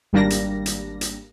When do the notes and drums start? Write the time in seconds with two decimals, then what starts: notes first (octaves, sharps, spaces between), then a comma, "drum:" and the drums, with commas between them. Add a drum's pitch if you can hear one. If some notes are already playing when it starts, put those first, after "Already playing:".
0.13 G#1 G3 A#3 D4 A#6
0.30 drum: hi-hat
0.66 drum: hi-hat
1.01 drum: hi-hat